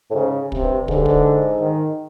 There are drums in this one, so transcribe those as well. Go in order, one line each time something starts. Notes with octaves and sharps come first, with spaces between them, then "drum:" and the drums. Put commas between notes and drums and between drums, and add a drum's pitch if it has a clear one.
A2
G#2 C#3
C3, drum: kick
G2
G#2 D3, drum: kick
G2
G#2, drum: kick
D#3